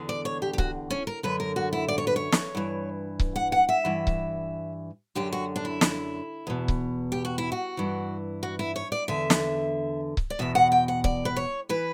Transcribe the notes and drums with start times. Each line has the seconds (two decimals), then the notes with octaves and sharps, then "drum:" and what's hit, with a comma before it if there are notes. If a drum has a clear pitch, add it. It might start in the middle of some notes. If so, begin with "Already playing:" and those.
Already playing: E2 D3
0.09 D5
0.25 C#5
0.42 G4
0.53 G4
0.58 F#4, drum: kick C#1
0.90 C#4
1.07 A#4
1.23 F#2 D3 B4
1.40 A#4
1.56 F#4
1.73 E4
1.88 D5
1.98 C#5
2.07 B4
2.16 C#5
2.32 drum: snare
2.55 G2 E3
3.20 drum: kick C#1
3.36 F#5
3.52 F#5
3.69 E5
3.85 G2 E3
4.07 drum: kick C#1
5.15 F#2 D3 G4
5.33 F#4
5.56 D4
5.65 E4
5.81 drum: snare
6.47 E2 B2
6.68 drum: kick C#1
7.12 G4
7.25 F#4
7.38 E4
7.52 F#4
7.77 G2 E3
8.43 F#4
8.59 E4
8.76 C#5
8.92 D5
9.08 E2 D3 E5
9.30 drum: snare
10.17 drum: kick C#1
10.30 D5
10.39 E2 B2 E5
10.55 F#5
10.72 G5
10.88 F#5
11.04 D5, drum: kick C#1
11.25 B4
11.36 C#5
11.69 E3 B4